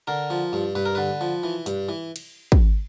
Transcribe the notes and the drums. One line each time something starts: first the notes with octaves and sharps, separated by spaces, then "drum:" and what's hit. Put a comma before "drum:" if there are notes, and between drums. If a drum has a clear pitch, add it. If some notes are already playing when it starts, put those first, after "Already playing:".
D3 A#4
F3
G2
G2 B4
A#4
D3 B4
F3
E3
G2, drum: hi-hat
E3
drum: cymbal
drum: kick